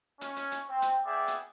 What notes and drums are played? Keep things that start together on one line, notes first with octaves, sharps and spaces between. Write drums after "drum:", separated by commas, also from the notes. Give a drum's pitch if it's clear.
C#4, drum: hi-hat
drum: hi-hat
drum: hi-hat
C4
drum: hi-hat
B3 G#4 D5 E5 G5 D6
drum: hi-hat